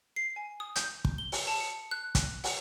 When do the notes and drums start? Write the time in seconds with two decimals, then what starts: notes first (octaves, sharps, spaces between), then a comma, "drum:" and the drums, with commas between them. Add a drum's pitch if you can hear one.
0.16 C7
0.36 G#5
0.60 D#6
0.76 G6, drum: hi-hat
1.05 drum: kick
1.18 G7
1.32 drum: open hi-hat
1.47 A5
1.60 C#7
1.91 F#6
2.15 drum: kick, hi-hat
2.44 F#5, drum: open hi-hat